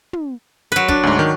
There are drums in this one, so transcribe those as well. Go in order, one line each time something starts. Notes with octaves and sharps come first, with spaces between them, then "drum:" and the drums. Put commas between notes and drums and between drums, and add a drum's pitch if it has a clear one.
drum: tom
F#3 B4
D4, drum: kick
D2 G#2
D#3